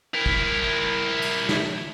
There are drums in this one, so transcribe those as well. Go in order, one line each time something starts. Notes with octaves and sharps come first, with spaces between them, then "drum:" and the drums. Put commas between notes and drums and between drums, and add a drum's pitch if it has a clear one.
E4 A#4
drum: kick
drum: cymbal
drum: snare